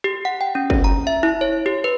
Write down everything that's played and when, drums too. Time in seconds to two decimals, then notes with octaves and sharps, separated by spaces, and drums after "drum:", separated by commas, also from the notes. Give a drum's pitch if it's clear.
0.04 G4
0.25 F#5
0.41 G5
0.55 C#4
0.70 C#4, drum: kick
0.84 A#5
1.07 E5
1.23 E4
1.41 C#5
1.66 G4
1.84 B4